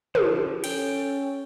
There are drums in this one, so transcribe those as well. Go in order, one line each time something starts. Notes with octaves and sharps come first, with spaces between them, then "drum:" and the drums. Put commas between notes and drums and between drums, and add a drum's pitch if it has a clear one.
D3 F3, drum: tom
C#4 A4 G5, drum: cymbal